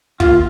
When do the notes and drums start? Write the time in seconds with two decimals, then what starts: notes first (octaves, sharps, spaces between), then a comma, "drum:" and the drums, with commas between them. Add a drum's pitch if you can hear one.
0.20 D#2 F4, drum: kick